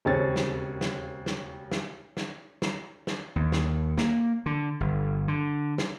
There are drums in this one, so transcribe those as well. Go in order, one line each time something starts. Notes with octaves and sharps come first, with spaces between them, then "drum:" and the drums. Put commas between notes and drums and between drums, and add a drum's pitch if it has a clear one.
E1 D#2 C#3 C4 C#5 A6
drum: snare
drum: snare
drum: snare
drum: snare
drum: snare
drum: snare
drum: snare
D#2
drum: snare
A#3, drum: snare
D3
G1
D3
drum: snare